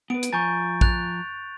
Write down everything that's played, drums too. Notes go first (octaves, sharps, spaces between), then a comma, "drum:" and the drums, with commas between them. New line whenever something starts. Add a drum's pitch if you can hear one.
B3 B4 D7
drum: hi-hat
F3 G#5 A#5 C#6 G6 A6
F#6 A6 F7, drum: kick